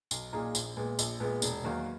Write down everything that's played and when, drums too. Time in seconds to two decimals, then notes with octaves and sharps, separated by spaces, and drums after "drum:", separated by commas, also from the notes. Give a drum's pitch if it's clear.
0.11 B1, drum: tambourine
0.33 A#2 A#3 D#4 G#4
0.55 A#1, drum: tambourine
0.77 A#2 G#3 B3
0.99 A#1, drum: tambourine
1.20 A#2 G#3 B3
1.42 E1, drum: tambourine
1.64 E2 D#3 F#3 A#3